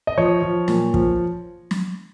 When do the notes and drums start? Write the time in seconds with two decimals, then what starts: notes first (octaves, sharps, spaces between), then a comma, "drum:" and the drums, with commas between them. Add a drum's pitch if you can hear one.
0.07 D#5
0.18 F3 C#5
0.43 F3
0.68 A#2, drum: snare
0.94 F3, drum: kick
1.71 drum: snare